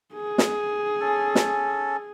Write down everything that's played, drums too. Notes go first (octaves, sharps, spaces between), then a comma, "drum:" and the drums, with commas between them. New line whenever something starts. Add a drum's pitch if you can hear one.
G#4
drum: snare
C#4 A4
drum: snare